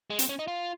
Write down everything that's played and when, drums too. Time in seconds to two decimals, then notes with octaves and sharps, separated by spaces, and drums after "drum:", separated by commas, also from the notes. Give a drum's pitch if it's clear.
0.10 G#3
0.19 C4, drum: hi-hat
0.29 C#4
0.39 D#4
0.48 F4